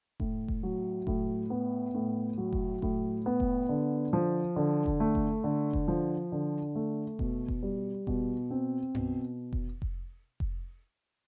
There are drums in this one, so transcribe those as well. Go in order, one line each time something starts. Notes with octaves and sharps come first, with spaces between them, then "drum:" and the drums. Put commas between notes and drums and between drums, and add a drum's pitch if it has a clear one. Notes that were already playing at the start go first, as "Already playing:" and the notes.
A2, drum: kick F1
drum: kick F1
F#3
A2, drum: kick F1
B3
A2
F#3
drum: kick F1
A2, drum: kick F1
B3
drum: kick F1
D3
F3
D3
drum: kick F1
A3
drum: kick F1
D3
drum: kick F1
F3
D3
A3
B2, drum: kick F1
drum: kick F1
G3
B2, drum: kick F1
C4
B2, drum: tom F#2
drum: kick F1
drum: kick F1
drum: kick F1